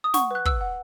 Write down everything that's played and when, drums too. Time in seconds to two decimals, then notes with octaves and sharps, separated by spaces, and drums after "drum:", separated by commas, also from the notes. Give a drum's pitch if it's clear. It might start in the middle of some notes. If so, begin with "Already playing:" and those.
0.04 D#6
0.14 F#5 C#6, drum: snare
0.31 B4 F#6
0.45 B4 E6, drum: kick
0.61 F#5